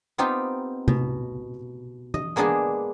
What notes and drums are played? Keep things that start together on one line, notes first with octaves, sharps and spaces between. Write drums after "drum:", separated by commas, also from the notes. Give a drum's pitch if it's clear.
B3 C4 D#4 F4 G4
B2, drum: tom C3
D#5, drum: tom
G#3 A#3 B3 D4 G#4 D#5